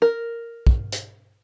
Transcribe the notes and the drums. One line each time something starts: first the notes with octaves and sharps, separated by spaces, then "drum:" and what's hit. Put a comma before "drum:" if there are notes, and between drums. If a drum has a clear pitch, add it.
A#4
drum: kick
drum: hi-hat